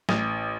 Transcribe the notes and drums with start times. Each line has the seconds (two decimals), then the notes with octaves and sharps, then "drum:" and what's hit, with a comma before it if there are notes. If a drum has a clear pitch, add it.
0.09 A1, drum: snare